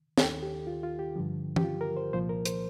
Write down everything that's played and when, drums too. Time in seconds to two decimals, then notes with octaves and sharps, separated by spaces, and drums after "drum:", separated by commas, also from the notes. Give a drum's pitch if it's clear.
0.18 D#3 A4, drum: snare
0.23 D#2
0.43 G4
0.67 F4
0.83 F4
0.99 G4
1.16 G2 D3 F3
1.56 G4, drum: tom E3
1.64 F4
1.81 A#4
1.97 C5
2.13 C2 A#2 F3 C5
2.29 A#4
2.46 C5, drum: hi-hat